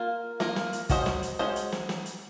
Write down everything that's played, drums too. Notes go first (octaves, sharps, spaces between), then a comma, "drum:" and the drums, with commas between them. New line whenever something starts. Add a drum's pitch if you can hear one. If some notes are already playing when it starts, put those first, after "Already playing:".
Already playing: A#3 F4 A#4
A#3 F4 A#4, drum: snare
drum: snare
drum: hi-hat
G#3 C#4 F#4 C5 D#5, drum: kick, hi-hat
drum: snare
drum: hi-hat
G#3 C#4 F#4 C5 D#5
drum: hi-hat
drum: snare
drum: snare
drum: hi-hat